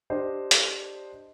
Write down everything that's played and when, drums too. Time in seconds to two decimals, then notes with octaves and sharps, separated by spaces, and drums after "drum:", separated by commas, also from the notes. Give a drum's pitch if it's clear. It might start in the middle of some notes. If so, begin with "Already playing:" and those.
0.10 D4 G4 C5 D#5
0.51 drum: hi-hat